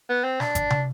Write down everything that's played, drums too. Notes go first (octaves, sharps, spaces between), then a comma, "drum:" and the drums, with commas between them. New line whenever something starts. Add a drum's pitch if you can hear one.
B3
C4
D4, drum: snare
drum: kick G#1, hi-hat
drum: tom